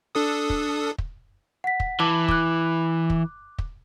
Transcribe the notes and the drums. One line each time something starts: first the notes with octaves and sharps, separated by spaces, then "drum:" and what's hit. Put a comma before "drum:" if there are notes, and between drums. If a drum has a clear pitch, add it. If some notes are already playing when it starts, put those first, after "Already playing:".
D4 A4 D#6
drum: kick
drum: kick
F#5 B6
drum: kick
E3 A5 D6
D6 F#6, drum: kick
drum: kick
drum: kick